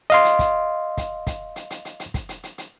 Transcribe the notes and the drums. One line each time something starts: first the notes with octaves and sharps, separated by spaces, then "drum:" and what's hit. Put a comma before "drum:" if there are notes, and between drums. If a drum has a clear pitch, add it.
D#5 F5 C6, drum: hi-hat
drum: hi-hat
drum: kick, hi-hat
drum: kick, hi-hat
drum: kick, hi-hat
drum: hi-hat
drum: hi-hat
drum: hi-hat
drum: hi-hat
drum: kick, hi-hat
drum: hi-hat
drum: hi-hat
drum: hi-hat